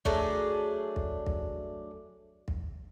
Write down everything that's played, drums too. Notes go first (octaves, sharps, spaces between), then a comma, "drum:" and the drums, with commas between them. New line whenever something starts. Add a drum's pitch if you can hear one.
F#3 A3 D4 G#4, drum: kick
drum: kick
drum: kick
drum: kick